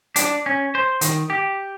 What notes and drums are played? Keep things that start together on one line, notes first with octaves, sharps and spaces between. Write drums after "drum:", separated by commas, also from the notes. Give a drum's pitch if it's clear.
D4, drum: hi-hat
C#4
C5
D#3, drum: hi-hat
G4